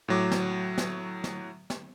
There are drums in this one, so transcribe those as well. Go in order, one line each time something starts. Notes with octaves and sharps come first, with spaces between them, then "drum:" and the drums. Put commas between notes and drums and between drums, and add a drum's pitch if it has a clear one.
A2 F#3 D6
drum: snare
drum: snare
drum: snare
drum: snare